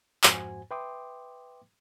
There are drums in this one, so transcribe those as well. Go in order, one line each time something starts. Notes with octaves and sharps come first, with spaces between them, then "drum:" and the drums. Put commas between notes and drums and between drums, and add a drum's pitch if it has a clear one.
F2 G#2 F#4 C5 G#5, drum: clap
B4 E5 G5 C6 D6 D#6